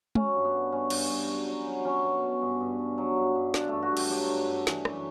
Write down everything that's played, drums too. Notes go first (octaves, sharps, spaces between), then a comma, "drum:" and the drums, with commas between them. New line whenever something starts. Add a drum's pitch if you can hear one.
F#3 C#4, drum: tom
G2
B3
G2
G2 C#4
G2, drum: cymbal
G2
F#3
F#3
F#3
F#3 C#4
B2
B2
G2
G2
G2
F#3
G2
G2
G2 D4, drum: snare
G2 A3
F#4
G2
G4, drum: cymbal
F#3 G4
G2
G2
E3, drum: snare
F#2, drum: rim click